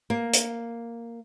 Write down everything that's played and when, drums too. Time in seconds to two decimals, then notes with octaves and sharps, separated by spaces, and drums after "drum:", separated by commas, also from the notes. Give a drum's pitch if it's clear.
0.10 A#3
0.33 drum: hi-hat